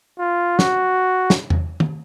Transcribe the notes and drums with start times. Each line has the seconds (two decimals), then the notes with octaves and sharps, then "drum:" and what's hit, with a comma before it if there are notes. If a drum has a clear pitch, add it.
0.19 F4
0.59 F#4, drum: snare
1.30 drum: snare
1.50 drum: tom E2
1.80 drum: tom